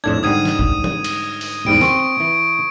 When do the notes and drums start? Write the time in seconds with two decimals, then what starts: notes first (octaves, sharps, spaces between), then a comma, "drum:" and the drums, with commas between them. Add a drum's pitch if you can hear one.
0.04 F2 A2 D4 G#6 E7
0.23 G#2 D3 G3 D#6 G#6 D#7
0.45 drum: snare
0.59 drum: kick
0.84 drum: tom E3
1.04 drum: cymbal
1.41 drum: open hi-hat
1.67 E2 G#2 G3 D7
1.81 C4 C#6, drum: snare
2.20 E3